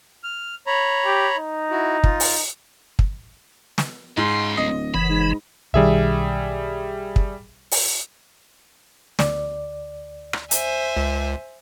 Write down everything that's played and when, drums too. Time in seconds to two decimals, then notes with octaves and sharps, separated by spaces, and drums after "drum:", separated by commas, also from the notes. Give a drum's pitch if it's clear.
0.24 F6
0.67 C#5 A#5 B5
1.06 G4
1.37 D#4
1.71 E4 F#4
2.04 F4, drum: kick
2.20 drum: open hi-hat
2.99 drum: kick
3.78 drum: snare
4.17 C#2 G#2 C6
4.57 D1 D#5
4.94 F#1 E3 B5
5.10 G#2
5.74 B1 D#3 G3 G#4 E5
7.16 drum: kick
7.71 drum: open hi-hat
9.19 D2 D5, drum: snare
10.33 drum: rim click
10.51 C5 E5 G#5, drum: hi-hat
10.97 C#2